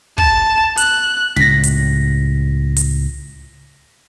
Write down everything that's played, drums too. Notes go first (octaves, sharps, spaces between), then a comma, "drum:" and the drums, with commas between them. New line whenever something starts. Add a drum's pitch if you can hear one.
A5, drum: kick
F#6, drum: hi-hat
C#2 A2 A#6 B6, drum: snare
drum: hi-hat
drum: hi-hat